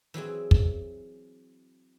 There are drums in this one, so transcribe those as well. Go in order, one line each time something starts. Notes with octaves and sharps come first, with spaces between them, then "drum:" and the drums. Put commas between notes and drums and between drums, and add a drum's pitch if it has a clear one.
E3 F#3 C4 G#4
drum: kick